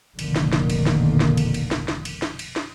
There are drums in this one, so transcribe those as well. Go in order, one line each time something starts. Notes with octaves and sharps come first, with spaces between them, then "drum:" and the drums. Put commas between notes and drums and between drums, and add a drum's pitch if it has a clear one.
F1 A#1 B2 D3 D#3 A#3, drum: cymbal
drum: snare
drum: snare
drum: cymbal
drum: snare
drum: snare
drum: cymbal
drum: cymbal
drum: snare
drum: snare
drum: cymbal
drum: snare
drum: cymbal
drum: snare